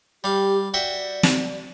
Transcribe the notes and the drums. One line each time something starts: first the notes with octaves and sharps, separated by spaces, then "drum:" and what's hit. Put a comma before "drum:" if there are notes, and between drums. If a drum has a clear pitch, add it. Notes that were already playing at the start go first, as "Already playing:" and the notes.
G3 G4 F5
F#4 D5 E5 G5
drum: snare